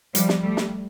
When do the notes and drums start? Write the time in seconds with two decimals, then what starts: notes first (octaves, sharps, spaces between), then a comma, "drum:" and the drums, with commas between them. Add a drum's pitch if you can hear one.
0.15 F3 G3, drum: hi-hat
0.29 drum: snare
0.42 G3 A3
0.57 drum: snare